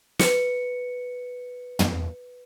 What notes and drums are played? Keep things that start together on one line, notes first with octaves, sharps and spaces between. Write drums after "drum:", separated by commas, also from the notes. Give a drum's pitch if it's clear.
B4 C#7, drum: snare
drum: tom